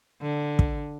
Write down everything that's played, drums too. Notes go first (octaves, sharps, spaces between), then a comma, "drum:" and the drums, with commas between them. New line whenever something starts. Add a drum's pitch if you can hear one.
D3
drum: kick